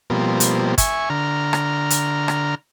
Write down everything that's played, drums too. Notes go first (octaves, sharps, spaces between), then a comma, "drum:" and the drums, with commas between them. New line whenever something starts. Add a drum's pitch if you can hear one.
B2 F3 G3 A#3 C4
drum: hi-hat
E5 G#5 C#6, drum: kick, hi-hat
D3 A#5 F6
drum: rim click
drum: hi-hat
drum: rim click